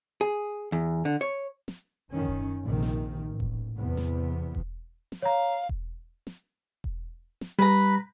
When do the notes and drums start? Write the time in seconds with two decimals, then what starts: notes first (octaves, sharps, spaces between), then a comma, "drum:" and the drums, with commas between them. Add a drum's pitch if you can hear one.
0.21 G#4
0.72 E2
1.05 D3
1.21 C#5
1.68 drum: snare
2.11 F#2 D#3 C#4
2.25 drum: kick E1
2.64 A#1 C3 D#3
2.83 drum: snare
3.27 A1
3.40 drum: kick E1
3.78 E2 C3 B3
3.97 drum: snare
4.55 drum: kick E1
5.12 drum: snare
5.22 C#5 F5 A#5
5.69 drum: kick E1
6.27 drum: snare
6.84 drum: kick E1
7.41 drum: snare
7.59 G3 B4 A#5